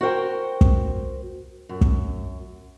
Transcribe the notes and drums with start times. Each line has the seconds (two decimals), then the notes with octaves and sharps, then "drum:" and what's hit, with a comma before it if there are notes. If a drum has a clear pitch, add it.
0.01 F#4 A#4 C5 G5
0.61 drum: kick
1.69 F#2
1.81 drum: kick